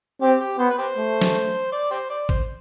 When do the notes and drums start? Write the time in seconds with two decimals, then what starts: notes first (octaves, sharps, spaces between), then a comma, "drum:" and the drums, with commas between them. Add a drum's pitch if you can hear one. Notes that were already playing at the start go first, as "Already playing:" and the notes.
0.22 C4 G4
0.40 G4
0.58 B3 C5
0.70 B4
0.78 G4 C5
0.97 A3
1.21 drum: snare
1.72 D5
1.91 G4 C5
2.10 D5
2.29 C5, drum: kick